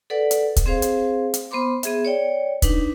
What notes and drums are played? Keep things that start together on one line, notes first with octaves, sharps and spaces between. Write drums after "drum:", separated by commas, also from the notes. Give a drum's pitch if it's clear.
A4 B4 D5 F#5
drum: hi-hat
drum: kick, hi-hat
C4 G#4 C5 F5
drum: hi-hat
drum: hi-hat
B3 C5 B5 C6 D6
B3 G#4 E5, drum: hi-hat
C#5 D5 G5
D4 D#4 B4, drum: kick, hi-hat